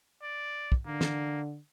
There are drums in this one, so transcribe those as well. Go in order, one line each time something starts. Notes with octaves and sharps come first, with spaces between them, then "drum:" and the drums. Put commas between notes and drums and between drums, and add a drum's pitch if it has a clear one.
D5
drum: kick
D3 A#3
drum: snare